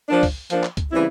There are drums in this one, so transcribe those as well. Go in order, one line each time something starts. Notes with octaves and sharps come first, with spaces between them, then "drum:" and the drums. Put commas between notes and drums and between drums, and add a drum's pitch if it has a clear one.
F3 A#3 D4
drum: kick, open hi-hat
F3 A#3 D4, drum: hi-hat
drum: clap
drum: kick, hi-hat
C#3 E3 G3 C4 E4